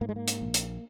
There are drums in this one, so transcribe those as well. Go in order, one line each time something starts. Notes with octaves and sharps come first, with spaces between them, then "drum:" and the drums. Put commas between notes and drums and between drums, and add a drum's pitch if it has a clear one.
G#2 A#3
G#3
A#3
drum: hi-hat
A#1
drum: hi-hat